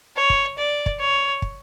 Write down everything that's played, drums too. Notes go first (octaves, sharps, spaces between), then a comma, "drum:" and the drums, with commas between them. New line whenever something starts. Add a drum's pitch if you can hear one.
C#5
drum: kick
D5
drum: kick
C#5
drum: kick